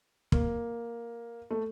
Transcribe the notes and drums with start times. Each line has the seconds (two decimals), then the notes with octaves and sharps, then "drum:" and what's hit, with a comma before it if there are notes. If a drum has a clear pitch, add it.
0.32 A#3, drum: kick
1.51 A3